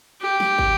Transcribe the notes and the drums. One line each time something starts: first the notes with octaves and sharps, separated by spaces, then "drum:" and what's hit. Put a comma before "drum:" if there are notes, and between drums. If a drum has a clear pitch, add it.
G4
drum: snare
drum: kick